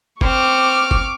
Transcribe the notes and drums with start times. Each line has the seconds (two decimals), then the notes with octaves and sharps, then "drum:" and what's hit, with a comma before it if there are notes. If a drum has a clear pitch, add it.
0.21 C4 C#6 D6 F6, drum: kick
0.91 drum: kick